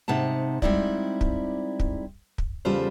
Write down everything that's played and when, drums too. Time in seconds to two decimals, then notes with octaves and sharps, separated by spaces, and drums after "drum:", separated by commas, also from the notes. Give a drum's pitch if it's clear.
0.08 G#2 C3 D#4 F#5 A5
0.62 G3 G#3 C4 D#4 E4 D5, drum: kick
1.21 drum: kick
1.80 drum: kick
2.38 drum: kick
2.65 E2 C#3 G3 F4 A4 C5